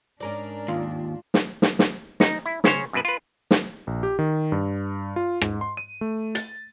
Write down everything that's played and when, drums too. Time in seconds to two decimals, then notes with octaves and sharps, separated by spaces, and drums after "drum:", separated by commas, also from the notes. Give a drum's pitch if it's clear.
0.20 G#2 C#4 D4 A#4 D5
0.68 D#2 F4
1.34 drum: snare
1.62 drum: snare
1.79 drum: snare
2.20 D#4, drum: snare
2.46 E4
2.64 C#3 C#4 C5 C#5, drum: snare
2.93 F#2 B2 B4
3.05 F4 B4
3.51 drum: snare
3.87 A#1
4.03 G4
4.19 D#3
4.52 G2
5.16 F4
5.41 G#2, drum: rim click
5.61 C6
5.77 D#7
6.01 A3
6.35 A6, drum: hi-hat